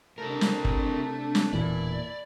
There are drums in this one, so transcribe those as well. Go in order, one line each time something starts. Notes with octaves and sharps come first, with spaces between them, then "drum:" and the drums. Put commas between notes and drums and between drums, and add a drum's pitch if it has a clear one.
C3 A3 D4 E4 A#4
drum: snare
drum: kick
drum: snare
E1 A#2 E3 E4 D5 G#6